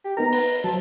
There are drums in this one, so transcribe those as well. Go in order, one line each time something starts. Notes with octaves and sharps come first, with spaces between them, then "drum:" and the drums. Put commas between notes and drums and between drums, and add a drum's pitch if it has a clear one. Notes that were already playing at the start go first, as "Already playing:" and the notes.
G4
B3 D#4 A#4 A#5
B4, drum: open hi-hat
F#3 C5 A5